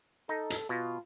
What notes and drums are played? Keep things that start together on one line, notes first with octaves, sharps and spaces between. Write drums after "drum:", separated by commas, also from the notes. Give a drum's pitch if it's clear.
D#4 A4
drum: hi-hat
B2 F4